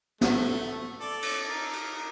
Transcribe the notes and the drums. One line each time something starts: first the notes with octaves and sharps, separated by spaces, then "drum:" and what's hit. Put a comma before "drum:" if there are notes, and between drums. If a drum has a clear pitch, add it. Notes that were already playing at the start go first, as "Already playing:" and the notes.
A3, drum: snare
A4 D5
drum: cymbal
D#4 A#4
drum: cymbal